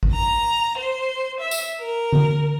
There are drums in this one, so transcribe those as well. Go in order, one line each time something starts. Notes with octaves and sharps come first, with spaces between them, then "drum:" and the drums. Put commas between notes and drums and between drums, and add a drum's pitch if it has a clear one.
drum: kick G#1
A#5
C5
E5
drum: tambourine
A#4
drum: tom D3